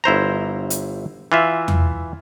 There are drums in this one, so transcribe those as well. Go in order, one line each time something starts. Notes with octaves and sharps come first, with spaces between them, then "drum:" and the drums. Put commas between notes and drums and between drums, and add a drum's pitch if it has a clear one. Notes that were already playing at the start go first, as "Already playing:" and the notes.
G1 E4 C5 A#5
drum: hi-hat
E3 F4 E5
drum: tom E2